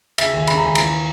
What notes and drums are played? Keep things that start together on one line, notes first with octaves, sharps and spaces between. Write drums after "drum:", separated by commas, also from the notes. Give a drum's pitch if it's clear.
C#3 E5, drum: cymbal
D#2 G#5
C#3 B5, drum: cymbal
A#5
D#2 G#5
E3 A#5, drum: cymbal